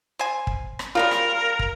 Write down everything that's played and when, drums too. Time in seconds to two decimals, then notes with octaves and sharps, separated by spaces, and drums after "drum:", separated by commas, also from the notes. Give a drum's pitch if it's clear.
0.19 C5 G#5
0.47 drum: kick
0.79 drum: rim click
0.95 C#3 F3 G3 F4 A#4
1.11 drum: rim click
1.59 drum: kick